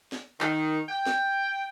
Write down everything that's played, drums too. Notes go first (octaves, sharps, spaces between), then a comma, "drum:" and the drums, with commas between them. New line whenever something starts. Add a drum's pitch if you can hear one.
drum: snare
D#3, drum: clap
G5
drum: snare